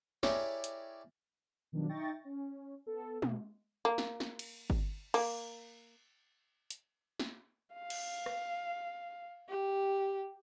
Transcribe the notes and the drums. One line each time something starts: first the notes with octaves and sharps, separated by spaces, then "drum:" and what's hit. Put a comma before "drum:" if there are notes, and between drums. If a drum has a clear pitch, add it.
E4 G4 G#4 A#4 C#5 D5, drum: snare
drum: hi-hat
B2 D#3 F3 F#3 D4
D#4 E5 G5 C#6 A6 A#6
C#4
B3 A4
B2, drum: tom G#3
A#3
drum: snare
drum: snare
drum: cymbal
drum: kick G1
A#3, drum: cymbal
drum: hi-hat
drum: snare
F5
drum: cymbal
drum: rim click
G4